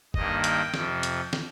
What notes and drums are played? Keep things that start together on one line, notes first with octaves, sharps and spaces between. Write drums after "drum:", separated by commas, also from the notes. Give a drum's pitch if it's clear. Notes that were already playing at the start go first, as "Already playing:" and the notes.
G2 D#3 A#3 D#5, drum: kick
G5, drum: hi-hat
F2 C3 F3, drum: snare
drum: hi-hat
drum: snare